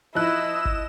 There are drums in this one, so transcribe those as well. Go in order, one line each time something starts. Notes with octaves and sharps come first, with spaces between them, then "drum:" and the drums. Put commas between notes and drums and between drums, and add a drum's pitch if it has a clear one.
F3 D#4 E4 D#5 E6 F#6 E7
drum: kick G1